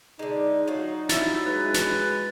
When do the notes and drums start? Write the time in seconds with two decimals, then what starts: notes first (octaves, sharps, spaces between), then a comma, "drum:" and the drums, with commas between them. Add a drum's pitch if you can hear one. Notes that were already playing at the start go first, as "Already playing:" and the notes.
0.19 D3 G#3 D#4
0.67 F#3 F4 F#4
1.09 G3 C#4 E4 A6, drum: snare
1.46 G#3 B4
1.74 drum: snare